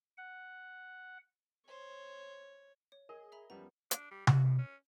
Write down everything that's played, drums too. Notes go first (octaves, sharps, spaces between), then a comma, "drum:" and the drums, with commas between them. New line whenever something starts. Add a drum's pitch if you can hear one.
F#5
C5 C#5
C#5
G#4 A#4 D#5
E5 A#5 B5
F#2 F3 G3 B3 A#5
D4, drum: hi-hat
G3
F#4, drum: tom C3
A2
C#4